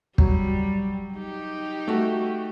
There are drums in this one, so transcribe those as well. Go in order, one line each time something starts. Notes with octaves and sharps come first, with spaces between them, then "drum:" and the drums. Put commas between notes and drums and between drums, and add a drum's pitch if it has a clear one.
F#3 G3, drum: kick
D#4 G4
A3 F#4